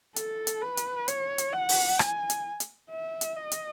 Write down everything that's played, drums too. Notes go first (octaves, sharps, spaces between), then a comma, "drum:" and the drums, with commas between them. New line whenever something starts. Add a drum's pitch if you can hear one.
A4, drum: hi-hat
drum: hi-hat
B4
drum: hi-hat
C#5, drum: hi-hat
drum: hi-hat
F#5
drum: open hi-hat
G#5, drum: rim click
drum: hi-hat
drum: hi-hat
E5
drum: hi-hat
D#5
drum: hi-hat